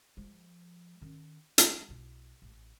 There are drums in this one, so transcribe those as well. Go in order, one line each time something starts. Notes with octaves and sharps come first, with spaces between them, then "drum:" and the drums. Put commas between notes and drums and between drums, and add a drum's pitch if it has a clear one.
F3 G#3
D#3 C#4
G#3, drum: hi-hat
B1 E4
A1